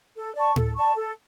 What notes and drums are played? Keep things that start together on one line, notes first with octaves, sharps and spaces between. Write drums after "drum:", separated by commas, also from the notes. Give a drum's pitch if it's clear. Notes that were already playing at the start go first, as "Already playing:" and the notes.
A4
D5 A5 C#6
A4, drum: tom A2
D5 A5 C#6
A4